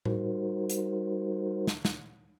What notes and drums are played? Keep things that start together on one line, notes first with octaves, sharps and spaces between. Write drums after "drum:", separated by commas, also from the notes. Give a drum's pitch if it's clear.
G3 D#4 F#4 A#4 C5, drum: tom A2
drum: hi-hat
drum: snare
drum: snare